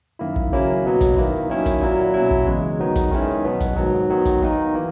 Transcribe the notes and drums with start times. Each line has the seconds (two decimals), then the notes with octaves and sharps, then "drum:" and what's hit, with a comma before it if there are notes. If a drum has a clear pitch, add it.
0.19 F#2 D#3 A#3 E4
0.36 drum: kick
0.52 C#3 F#3 A#3 C#4 E4
0.84 B2 F#3 B3
1.01 drum: kick, hi-hat
1.17 D#3 A#3 E4
1.50 D#3 F#3 C#4 E4
1.66 drum: kick, hi-hat
1.81 A#2 F#3 A#3 E4
2.14 B2 F#3 C#4 E4
2.31 drum: kick
2.47 E2 C#3 G#3
2.79 D#3 F#3 B3 D#4
2.96 drum: kick, hi-hat
3.11 D#3 G#3 C#4 E4
3.45 B2 F#3 B3
3.60 drum: kick, hi-hat
3.76 G#2 D#3 F#3
4.09 D#3 F#3 B3
4.25 drum: kick, hi-hat
4.42 D#3 A#3 D#4
4.74 E3 A#3